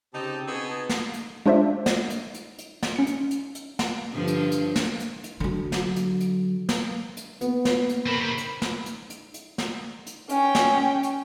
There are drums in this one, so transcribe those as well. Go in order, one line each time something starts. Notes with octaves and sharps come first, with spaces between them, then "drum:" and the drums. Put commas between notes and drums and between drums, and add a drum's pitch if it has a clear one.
C#3 C4 D#4 G4 A5
B2 B3 C4 G#4 E6
D#4 A5
drum: snare
drum: hi-hat
G#3 D4 F4 C5 D5 E5
drum: snare
drum: hi-hat
drum: hi-hat
drum: hi-hat
drum: snare
C#4 C#7
drum: hi-hat
drum: hi-hat
drum: hi-hat
drum: snare
G2 D3 F3
drum: hi-hat
drum: hi-hat
drum: snare
drum: hi-hat
drum: hi-hat
D3 F#3
drum: snare
drum: hi-hat
drum: hi-hat
drum: snare
drum: hi-hat
A#3 B3, drum: hi-hat
drum: snare
drum: hi-hat
C#3 C4 A#4 B5
drum: hi-hat
drum: snare
drum: hi-hat
drum: hi-hat
drum: hi-hat
drum: snare
drum: hi-hat
C#4 G5, drum: hi-hat
drum: snare
drum: hi-hat